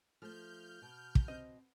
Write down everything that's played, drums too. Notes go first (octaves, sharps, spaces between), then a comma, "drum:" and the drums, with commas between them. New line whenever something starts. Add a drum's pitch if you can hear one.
F3 A3 F6 G6
B2
drum: kick
C4 D#5